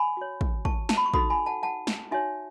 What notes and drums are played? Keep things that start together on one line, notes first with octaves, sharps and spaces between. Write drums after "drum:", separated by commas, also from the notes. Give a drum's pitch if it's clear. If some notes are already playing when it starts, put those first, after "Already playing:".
Already playing: G#5 B5
F#4 C#5
drum: kick
A5 C#6, drum: kick
A5, drum: snare
B5
C#6
D#4 F#4 A4 B5 D#6, drum: kick
G#5 B5
F#5 A5
F#5 A5
drum: snare
D#4 F#4 C#5 E5 G#5